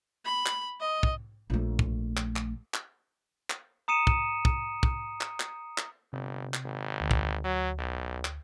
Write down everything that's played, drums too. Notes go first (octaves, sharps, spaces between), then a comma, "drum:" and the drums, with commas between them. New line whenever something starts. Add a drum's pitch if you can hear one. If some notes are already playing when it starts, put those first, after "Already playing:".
B5
drum: clap
D#5
drum: kick
A#1 A3
drum: kick
drum: clap
drum: clap
drum: clap
drum: clap
A#5 D#6 C#7 D#7 E7
drum: kick
drum: kick
drum: kick
drum: clap
drum: clap
drum: clap
G1 C3
drum: clap
G#1
D2
drum: kick
F#3
B1
drum: clap